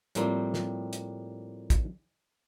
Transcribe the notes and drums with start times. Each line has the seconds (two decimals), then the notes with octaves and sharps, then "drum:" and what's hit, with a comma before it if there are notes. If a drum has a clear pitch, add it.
0.15 A2 F3 G3 A#3 C4, drum: hi-hat
0.54 drum: snare
0.93 drum: hi-hat
1.70 drum: kick, hi-hat